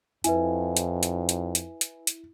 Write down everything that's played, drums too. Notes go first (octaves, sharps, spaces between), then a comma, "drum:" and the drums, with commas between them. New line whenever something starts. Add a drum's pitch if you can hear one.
F2 E4 B4 E5 G#5, drum: hi-hat
drum: hi-hat
drum: hi-hat
drum: hi-hat
drum: hi-hat
drum: hi-hat
drum: hi-hat